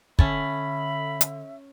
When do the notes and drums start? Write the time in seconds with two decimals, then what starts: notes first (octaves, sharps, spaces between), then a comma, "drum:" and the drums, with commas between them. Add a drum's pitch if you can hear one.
0.19 D3 C#4 E5 A5 B5, drum: kick
1.21 drum: hi-hat